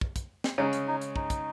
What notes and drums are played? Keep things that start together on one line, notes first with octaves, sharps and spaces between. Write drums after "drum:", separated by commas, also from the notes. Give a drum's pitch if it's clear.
drum: kick
drum: kick, hi-hat
drum: snare
C#3 G#3 C#4 D#4
drum: hi-hat
D#4
drum: hi-hat
D#4, drum: kick
drum: kick, hi-hat